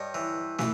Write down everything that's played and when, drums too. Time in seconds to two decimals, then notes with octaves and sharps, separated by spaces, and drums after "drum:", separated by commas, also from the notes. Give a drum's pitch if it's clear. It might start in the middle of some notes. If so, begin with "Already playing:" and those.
Already playing: G2 C#5 D#5
0.14 E3
0.59 E3, drum: snare